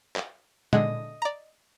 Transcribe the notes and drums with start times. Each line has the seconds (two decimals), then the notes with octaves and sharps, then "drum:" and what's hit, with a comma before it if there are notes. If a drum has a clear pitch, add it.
0.16 drum: clap
0.73 D3 G#3 D#5 F#5, drum: tom A#2
1.22 D5 A#5